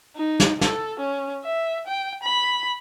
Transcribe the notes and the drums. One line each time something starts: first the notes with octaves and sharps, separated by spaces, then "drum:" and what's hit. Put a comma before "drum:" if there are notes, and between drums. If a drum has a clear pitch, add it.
D#4
drum: snare
A4, drum: snare
C#4
E5
G5
B5